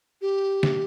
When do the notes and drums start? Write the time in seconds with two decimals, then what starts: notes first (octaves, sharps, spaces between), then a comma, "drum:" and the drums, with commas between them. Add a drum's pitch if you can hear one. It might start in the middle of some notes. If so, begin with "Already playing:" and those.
0.22 G4
0.63 drum: snare